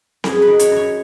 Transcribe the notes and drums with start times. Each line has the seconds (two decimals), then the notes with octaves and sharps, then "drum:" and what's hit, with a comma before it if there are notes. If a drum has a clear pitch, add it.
0.24 F#2 G#4, drum: snare C4
0.42 B4
0.47 D#3
0.59 C#5, drum: hi-hat
0.71 F#2
0.76 C#5